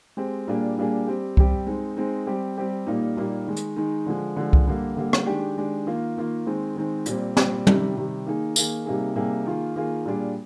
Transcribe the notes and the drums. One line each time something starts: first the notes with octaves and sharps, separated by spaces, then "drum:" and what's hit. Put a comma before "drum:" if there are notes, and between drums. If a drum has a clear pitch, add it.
G#3 C4 G4
A#2 G3 A#3 D4 G#4
A#2 G3 A#3 D4 G#4
G3 C4 G4
G3 C4 G4, drum: kick C2
G#3 C4 D#4
G#3 C4 D#4
G3 C4 G4
G3 C4 G4
A#2 G3 A#3 D#4
A#2 G3 A#3 D#4
D#3 G#3 D#4
drum: hi-hat
D#3 G#3 D#4
D3 F3 G#3
D3 F3 G#3
drum: kick C2
D3 G3 A#3
D3 G3 A#3
drum: rim click
D#3 G#3 D4 G4
D#3 G#3 D4 G4
D#3 A#3 F4
D#3 A#3 F4
D#3 G#3 C4 D#4
D#3 G#3 C4 D#4
A#2 G3 C4, drum: hi-hat
A#2 G3 C4, drum: snare
C3 D#3 G3, drum: tom
C3 D#3 G3
D#3 A#3 D#4 G#4
D#3 A#3 D#4 G#4, drum: tambourine
C3 G3 A#3 D#4 G#4
C3 G3 A#3 D#4 G#4
D#3 A#3 F4 G#4
D#3 A#3 F4 G#4
A#2 G3 D4 F4 G#4